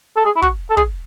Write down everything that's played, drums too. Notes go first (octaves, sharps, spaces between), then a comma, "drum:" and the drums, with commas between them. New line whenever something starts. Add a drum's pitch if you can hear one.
A4
G#4
E4
F#4, drum: kick
A4
G#4, drum: kick